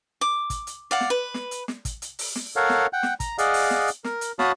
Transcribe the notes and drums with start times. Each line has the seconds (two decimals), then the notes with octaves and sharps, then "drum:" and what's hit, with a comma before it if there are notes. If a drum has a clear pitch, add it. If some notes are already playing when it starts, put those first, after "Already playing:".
0.21 D6
0.50 drum: kick, hi-hat
0.67 drum: hi-hat
0.91 D5 F5 F#5
1.01 drum: snare
1.10 B4
1.34 drum: snare
1.51 drum: hi-hat
1.68 drum: snare
1.85 drum: kick, hi-hat
2.02 drum: hi-hat
2.19 drum: open hi-hat
2.36 drum: snare
2.56 A4 A#4 C#5 F5 F#5
2.69 drum: snare
2.93 F#5 G5
3.03 drum: snare
3.20 A#5, drum: kick, hi-hat
3.38 G#4 D5 D#5 F5 F#5, drum: hi-hat
3.54 drum: open hi-hat
3.71 drum: snare
3.87 drum: hi-hat
4.04 A#4, drum: snare
4.21 drum: hi-hat
4.39 F#4 C#5 F5 A5 B5 D#6, drum: snare